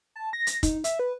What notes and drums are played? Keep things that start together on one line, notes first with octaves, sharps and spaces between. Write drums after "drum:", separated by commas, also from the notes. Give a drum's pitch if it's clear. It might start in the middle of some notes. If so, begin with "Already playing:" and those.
A5
A#6
drum: hi-hat
D#4, drum: kick, hi-hat
E5, drum: hi-hat
B4